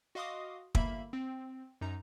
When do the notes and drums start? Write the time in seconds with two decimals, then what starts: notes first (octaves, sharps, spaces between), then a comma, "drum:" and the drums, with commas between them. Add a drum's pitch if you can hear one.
0.15 F#4 D#5 F5 C6 D6 D#6
0.75 G1 A#3 E5 B5, drum: kick
1.13 C4
1.81 F#2 D#4 A#5